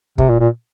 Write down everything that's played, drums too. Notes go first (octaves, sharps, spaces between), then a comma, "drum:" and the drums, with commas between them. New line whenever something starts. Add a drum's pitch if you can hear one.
C3, drum: kick
A#2
A#2